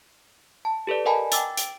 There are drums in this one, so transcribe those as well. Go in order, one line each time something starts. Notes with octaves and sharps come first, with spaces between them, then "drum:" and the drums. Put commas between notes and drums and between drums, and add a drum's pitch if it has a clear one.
A5
G4 A4 B4 D5
A#4 D#5 F#5 G#5 A5 B5
G5 D6 E6 A6, drum: hi-hat
D7, drum: hi-hat